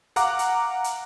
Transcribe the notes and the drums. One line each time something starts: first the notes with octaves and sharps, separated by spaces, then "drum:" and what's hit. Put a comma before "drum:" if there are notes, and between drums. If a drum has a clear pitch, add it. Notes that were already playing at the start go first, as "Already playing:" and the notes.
F5 F#5 A#5 D6, drum: hi-hat
drum: hi-hat
drum: hi-hat